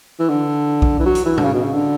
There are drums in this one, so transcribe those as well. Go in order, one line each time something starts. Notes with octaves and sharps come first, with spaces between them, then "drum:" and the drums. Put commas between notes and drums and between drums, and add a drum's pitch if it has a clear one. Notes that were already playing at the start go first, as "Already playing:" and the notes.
E3
D3
drum: kick B1
E3
F#3
drum: hi-hat
E3
D3, drum: tom A2
C#3
B2
C#3
D3